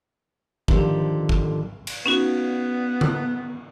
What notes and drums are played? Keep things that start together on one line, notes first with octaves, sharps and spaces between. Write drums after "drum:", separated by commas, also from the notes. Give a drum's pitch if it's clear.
D3 D#3 F3 G4 A4 C5, drum: kick
drum: kick
drum: cymbal
B3 C#4 D#4 F#4
drum: tom C#3